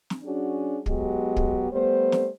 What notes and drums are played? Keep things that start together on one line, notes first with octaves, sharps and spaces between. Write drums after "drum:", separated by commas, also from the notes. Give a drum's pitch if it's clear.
drum: snare
F#3 C#4 D4 F#4 G#4
F#3 G#3 B3 G4, drum: kick
drum: kick
G3 A3 B3 C5
drum: snare